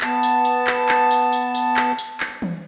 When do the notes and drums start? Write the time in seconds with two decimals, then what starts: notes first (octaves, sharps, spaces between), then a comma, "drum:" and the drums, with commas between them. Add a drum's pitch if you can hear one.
0.01 B3 A5, drum: clap
0.23 drum: tambourine
0.45 drum: tambourine
0.67 drum: clap
0.89 drum: clap
1.11 drum: tambourine
1.33 drum: tambourine
1.55 drum: tambourine
1.76 drum: clap
1.98 drum: tambourine
2.20 drum: clap
2.42 drum: tom E3